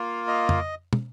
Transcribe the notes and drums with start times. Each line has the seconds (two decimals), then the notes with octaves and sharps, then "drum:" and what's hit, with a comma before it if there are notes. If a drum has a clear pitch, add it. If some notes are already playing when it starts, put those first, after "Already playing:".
Already playing: A#3 F4
0.27 D#5
0.49 drum: tom F2
0.93 drum: tom